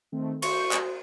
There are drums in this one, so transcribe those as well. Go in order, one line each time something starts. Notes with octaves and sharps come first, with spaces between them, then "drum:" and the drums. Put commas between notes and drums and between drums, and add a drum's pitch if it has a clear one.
D#3 A3 C4
F#4 C5 C#6, drum: cymbal
drum: clap